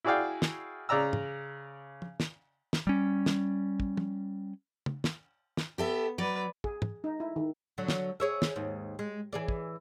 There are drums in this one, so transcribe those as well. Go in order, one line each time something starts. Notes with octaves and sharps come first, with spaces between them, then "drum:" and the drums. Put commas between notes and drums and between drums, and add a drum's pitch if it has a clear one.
E4 F#4 G#4 D5 F5 G5
drum: snare
C#3 D5 A#5 E6
drum: tom G#2
drum: tom
drum: snare
drum: snare
G3 C#4
drum: snare
drum: kick
drum: tom
drum: tom
drum: snare
drum: snare
B3 G4 A4 E5
F#3 B4 D5
G#4, drum: kick
drum: tom G#2
D#4
E4
D#3
D3 F#3
drum: snare
G#4 C#5 E5
drum: snare
D#2 G#2
G#3
E3 G#4 D5
drum: kick